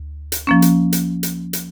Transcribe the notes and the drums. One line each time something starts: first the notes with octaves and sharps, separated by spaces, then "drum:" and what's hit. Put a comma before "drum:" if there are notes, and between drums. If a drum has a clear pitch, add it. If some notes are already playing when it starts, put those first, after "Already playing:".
Already playing: D2
drum: hi-hat
F3 A#3 C#4
drum: hi-hat
drum: hi-hat
drum: hi-hat
drum: hi-hat